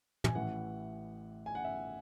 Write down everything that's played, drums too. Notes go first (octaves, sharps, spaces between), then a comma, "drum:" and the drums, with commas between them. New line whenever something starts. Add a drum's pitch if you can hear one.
G#5, drum: tom
A1 A2 E3 F#5
G#5
F#5
E5